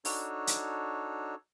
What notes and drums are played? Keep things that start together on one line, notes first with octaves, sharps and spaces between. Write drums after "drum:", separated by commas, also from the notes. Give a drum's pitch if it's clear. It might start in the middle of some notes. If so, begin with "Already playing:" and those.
D4 D#4 F#4 A4 C#5, drum: open hi-hat
drum: hi-hat